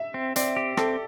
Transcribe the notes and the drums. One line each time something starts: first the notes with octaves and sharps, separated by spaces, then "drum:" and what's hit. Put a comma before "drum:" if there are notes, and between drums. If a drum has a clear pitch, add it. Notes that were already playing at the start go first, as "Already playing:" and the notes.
Already playing: E5
C4
C4 D5, drum: hi-hat
G4
C4 A4, drum: rim click